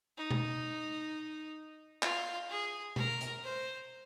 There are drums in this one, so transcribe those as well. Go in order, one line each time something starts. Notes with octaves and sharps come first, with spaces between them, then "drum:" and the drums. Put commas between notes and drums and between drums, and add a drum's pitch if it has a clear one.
D#4
drum: tom B2
F4, drum: clap
G#4
A#4, drum: tom B2
drum: hi-hat
C5